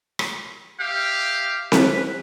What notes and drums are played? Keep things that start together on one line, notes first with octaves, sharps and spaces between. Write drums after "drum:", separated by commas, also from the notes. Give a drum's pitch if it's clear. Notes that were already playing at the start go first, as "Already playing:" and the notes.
drum: rim click
G4 E5 F5
B4, drum: snare C4